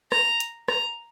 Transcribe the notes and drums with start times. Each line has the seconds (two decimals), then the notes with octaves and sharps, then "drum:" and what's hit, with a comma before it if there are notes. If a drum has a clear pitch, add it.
0.12 A#5, drum: rim click
0.40 drum: hi-hat
0.68 A#5, drum: rim click